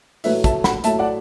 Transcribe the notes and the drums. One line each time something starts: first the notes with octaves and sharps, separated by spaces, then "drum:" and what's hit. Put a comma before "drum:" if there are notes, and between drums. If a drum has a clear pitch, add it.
A2 F#3 A3 B4 E5, drum: open hi-hat
E5 A5, drum: kick, hi-hat
F#5 B5, drum: snare
A2 F#3 A3 E5 A5, drum: hi-hat
D5 F#5